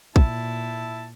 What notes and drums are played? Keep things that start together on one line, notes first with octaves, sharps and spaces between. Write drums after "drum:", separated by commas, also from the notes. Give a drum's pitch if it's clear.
A#2 E4 A5, drum: kick